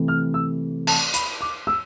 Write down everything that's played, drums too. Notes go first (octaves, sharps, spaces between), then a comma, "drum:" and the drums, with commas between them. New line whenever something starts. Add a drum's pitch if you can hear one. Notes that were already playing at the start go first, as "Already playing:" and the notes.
Already playing: C3 E3 A3 C4
F6
E6
A5, drum: cymbal
B5, drum: hi-hat
D6
E6